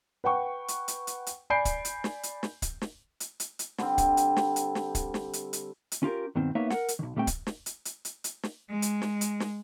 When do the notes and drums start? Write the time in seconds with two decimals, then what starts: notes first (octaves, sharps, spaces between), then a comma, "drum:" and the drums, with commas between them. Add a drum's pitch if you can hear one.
0.24 B4 F#5 G5 C#6
0.68 drum: hi-hat
0.88 drum: hi-hat
1.07 drum: hi-hat
1.26 drum: hi-hat
1.50 D5 G#5 B5 G6 C7 D7
1.65 drum: kick, hi-hat
1.85 drum: hi-hat
2.04 drum: snare
2.23 drum: hi-hat
2.43 drum: snare
2.62 drum: kick, hi-hat
2.82 drum: snare
3.20 drum: hi-hat
3.40 drum: hi-hat
3.59 drum: hi-hat
3.78 D3 G3 C4, drum: snare
3.98 drum: kick, hi-hat
4.17 drum: hi-hat
4.37 drum: snare
4.56 drum: hi-hat
4.75 drum: snare
4.95 drum: kick, hi-hat
5.14 drum: snare
5.33 drum: hi-hat
5.53 drum: hi-hat
5.92 drum: hi-hat
6.03 C#4 F4 G4 A#4
6.35 G2 B2 D#3 C4
6.55 A#3 B3 D#4 C#5 E5
6.70 A#4 F#5, drum: snare
6.88 drum: hi-hat
6.99 B1 D#3
7.16 A#2 G3 A3 C4 G5
7.27 drum: kick, hi-hat
7.47 drum: snare
7.66 drum: hi-hat
7.85 drum: hi-hat
8.05 drum: hi-hat
8.24 drum: hi-hat
8.43 drum: snare
8.70 G#3
8.82 drum: hi-hat
9.02 drum: snare
9.21 drum: hi-hat
9.40 drum: snare